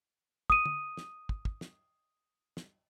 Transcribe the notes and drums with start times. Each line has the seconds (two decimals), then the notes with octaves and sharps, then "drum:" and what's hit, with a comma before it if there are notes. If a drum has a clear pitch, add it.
0.50 D#6 D#7, drum: kick
0.66 drum: tom D3
0.97 drum: snare
1.29 drum: kick
1.45 drum: kick
1.61 drum: snare
2.57 drum: snare